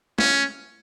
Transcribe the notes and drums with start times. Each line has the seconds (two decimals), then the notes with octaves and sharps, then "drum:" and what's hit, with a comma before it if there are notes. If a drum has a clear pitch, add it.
0.18 C#4, drum: snare